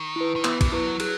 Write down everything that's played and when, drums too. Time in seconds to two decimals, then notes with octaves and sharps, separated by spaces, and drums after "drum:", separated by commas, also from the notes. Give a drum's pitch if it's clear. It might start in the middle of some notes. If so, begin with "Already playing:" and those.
Already playing: D#3
0.16 E4 B4
0.36 D#3
0.44 E3 B3, drum: clap
0.61 E3, drum: kick, cymbal
0.72 F#3 E4 B4
1.00 F#3 G#4, drum: cymbal